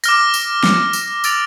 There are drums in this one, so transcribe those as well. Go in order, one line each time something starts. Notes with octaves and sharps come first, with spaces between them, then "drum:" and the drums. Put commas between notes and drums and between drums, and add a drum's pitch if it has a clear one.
D6 F6 A#6, drum: tambourine
drum: tambourine
drum: snare
drum: tambourine
E6 A6 D7 F7, drum: tambourine